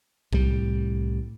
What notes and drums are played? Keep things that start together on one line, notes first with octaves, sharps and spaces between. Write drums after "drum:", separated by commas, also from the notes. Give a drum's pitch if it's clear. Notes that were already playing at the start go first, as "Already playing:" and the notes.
C2 A2 G3, drum: kick B1